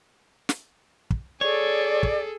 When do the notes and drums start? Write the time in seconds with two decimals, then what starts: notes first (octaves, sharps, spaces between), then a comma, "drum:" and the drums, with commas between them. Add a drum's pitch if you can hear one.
0.49 drum: snare
1.10 drum: kick
1.41 G#4 A4 C#5 D5
2.03 drum: kick